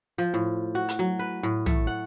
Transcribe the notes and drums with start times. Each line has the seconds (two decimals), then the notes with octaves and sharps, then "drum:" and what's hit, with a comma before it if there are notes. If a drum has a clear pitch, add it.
0.18 F3
0.34 A2
0.75 F#4
0.89 drum: hi-hat
0.99 F#3
1.19 B4
1.43 A2
1.66 A3, drum: tom
1.87 F#5